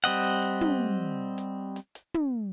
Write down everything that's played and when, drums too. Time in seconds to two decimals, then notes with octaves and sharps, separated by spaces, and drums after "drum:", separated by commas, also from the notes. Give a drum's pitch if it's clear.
0.04 G3 C4 D#5 F#5
0.23 drum: hi-hat
0.42 drum: hi-hat
0.61 drum: tom
1.38 drum: hi-hat
1.76 drum: hi-hat
1.95 drum: hi-hat
2.14 drum: tom